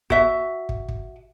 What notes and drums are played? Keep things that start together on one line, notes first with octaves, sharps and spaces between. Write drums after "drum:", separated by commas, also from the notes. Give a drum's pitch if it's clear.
F#4 E5, drum: kick
drum: kick
drum: kick